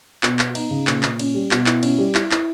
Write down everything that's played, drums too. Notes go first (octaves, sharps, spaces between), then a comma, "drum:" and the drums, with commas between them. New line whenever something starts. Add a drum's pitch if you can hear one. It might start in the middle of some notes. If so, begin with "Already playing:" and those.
B2, drum: clap
B3, drum: clap
D#4, drum: cymbal
C#3
A#2, drum: clap
A#2, drum: clap
C#4, drum: cymbal
G3
B2, drum: clap
E4, drum: clap
C#4, drum: cymbal
G3
E4, drum: clap
E4, drum: clap